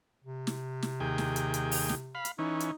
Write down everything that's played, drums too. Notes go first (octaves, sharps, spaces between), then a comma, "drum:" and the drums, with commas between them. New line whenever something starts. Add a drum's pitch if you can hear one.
C3
drum: snare
drum: snare
D#2 G#4 G5
drum: snare
drum: hi-hat
drum: hi-hat
drum: open hi-hat
drum: snare
F5 B5
drum: hi-hat
E3 C#4 D#4
drum: hi-hat